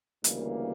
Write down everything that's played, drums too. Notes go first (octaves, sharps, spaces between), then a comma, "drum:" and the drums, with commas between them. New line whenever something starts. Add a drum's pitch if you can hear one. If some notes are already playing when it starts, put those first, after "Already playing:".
D2 C#3 E3 G3 A#3, drum: hi-hat